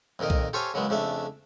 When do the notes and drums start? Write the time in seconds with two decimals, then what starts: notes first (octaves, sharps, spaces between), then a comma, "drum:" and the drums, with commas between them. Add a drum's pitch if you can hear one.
0.19 F2 A#2 D#3 A#4 D#5
0.30 drum: kick B1
0.53 G4 A4 C5 C#5 F5 G#5
0.74 C#3 F#3 G#3 A#3 B3
0.89 F2 C#3 A3 D4 E5